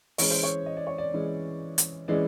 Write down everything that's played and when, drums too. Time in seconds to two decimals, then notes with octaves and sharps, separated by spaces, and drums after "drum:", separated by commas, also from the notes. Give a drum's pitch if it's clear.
0.18 E3 G#3 C#4 C#5, drum: open hi-hat
0.31 C5
0.43 C#5
0.66 D#5
0.77 D5
0.87 C#5
0.98 D5
1.14 E3 G#3 C#4
1.78 drum: hi-hat
2.08 E3 G#3 C#4 D5